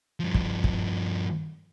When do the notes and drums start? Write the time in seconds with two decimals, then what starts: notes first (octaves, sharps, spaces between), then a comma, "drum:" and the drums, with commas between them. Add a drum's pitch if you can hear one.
0.20 G2 F3
0.35 drum: kick
0.64 drum: kick